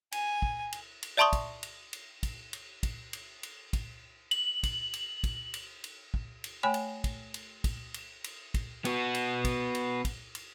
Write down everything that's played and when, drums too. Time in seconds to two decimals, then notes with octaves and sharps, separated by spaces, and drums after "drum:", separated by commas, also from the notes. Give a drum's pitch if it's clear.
0.12 G#5, drum: cymbal
0.42 drum: kick
0.72 drum: cymbal
1.03 drum: cymbal
1.17 D5 E5 A5 C6 C#6 D#6
1.33 drum: kick, cymbal
1.63 drum: cymbal
1.93 drum: cymbal
2.23 drum: kick, cymbal
2.53 drum: cymbal
2.83 drum: kick, cymbal
3.13 drum: cymbal
3.43 drum: cymbal
3.73 drum: kick, cymbal
4.31 F#7, drum: cymbal
4.63 drum: kick, cymbal
4.93 drum: cymbal
5.24 drum: kick, cymbal
5.54 drum: cymbal
5.84 drum: cymbal
6.14 drum: kick
6.44 drum: cymbal
6.63 A3 C#5 G5 G#5 B5
6.74 drum: cymbal
7.04 drum: kick, cymbal
7.34 drum: cymbal
7.64 drum: kick, cymbal
7.94 drum: cymbal
8.24 drum: cymbal
8.54 drum: kick, cymbal
8.85 B3 F#4, drum: cymbal
9.14 drum: cymbal
9.45 drum: kick, cymbal
9.75 drum: cymbal
10.05 drum: kick, cymbal
10.35 drum: cymbal